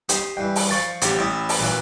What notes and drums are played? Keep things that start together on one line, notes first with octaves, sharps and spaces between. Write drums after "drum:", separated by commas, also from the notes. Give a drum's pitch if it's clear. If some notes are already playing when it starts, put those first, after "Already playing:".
G4 D#5 C6, drum: hi-hat
G2 E3 G5
drum: open hi-hat
F3 C#6 A6
A1 G4, drum: hi-hat
A1 E4 C#5 D#5
drum: open hi-hat
A#2 E3 F#3